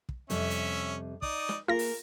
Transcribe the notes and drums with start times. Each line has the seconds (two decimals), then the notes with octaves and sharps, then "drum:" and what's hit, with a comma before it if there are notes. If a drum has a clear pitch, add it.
0.09 drum: kick
0.30 F2 C3 G3 C#4 E5, drum: hi-hat
0.50 drum: hi-hat
1.22 D#4 D5 D#6, drum: kick
1.49 drum: snare
1.68 A#3 F4 G#4 A#4 A#6
1.79 drum: open hi-hat